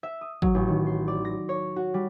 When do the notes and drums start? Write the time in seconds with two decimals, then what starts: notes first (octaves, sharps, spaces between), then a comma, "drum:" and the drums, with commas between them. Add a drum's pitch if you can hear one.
0.03 E5
0.21 D#6
0.42 F#3, drum: kick G#1
0.55 A1
0.68 D#3
0.86 C6
1.08 D5
1.25 A#6
1.49 C#5
1.76 F#4
1.94 G3